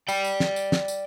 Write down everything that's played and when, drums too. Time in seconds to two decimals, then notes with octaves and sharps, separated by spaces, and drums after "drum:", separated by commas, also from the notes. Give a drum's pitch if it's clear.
0.08 D5 G5, drum: tambourine
0.24 drum: tambourine
0.40 drum: snare
0.56 drum: tambourine
0.72 drum: snare
0.88 drum: tambourine